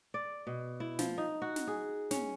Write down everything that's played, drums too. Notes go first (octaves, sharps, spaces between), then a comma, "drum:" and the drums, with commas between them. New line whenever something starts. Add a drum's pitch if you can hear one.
D5
B2
E4
F3, drum: snare
D#4
F#4
drum: snare
G#4
C#4, drum: snare